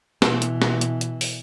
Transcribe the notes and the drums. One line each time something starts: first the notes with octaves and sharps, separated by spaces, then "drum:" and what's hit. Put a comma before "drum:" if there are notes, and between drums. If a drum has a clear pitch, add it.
B2 E3, drum: snare
drum: hi-hat
drum: snare
drum: hi-hat
drum: hi-hat
drum: open hi-hat